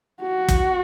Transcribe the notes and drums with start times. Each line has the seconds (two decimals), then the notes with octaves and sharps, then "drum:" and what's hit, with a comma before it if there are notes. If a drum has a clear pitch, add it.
0.22 F#4
0.48 drum: kick, hi-hat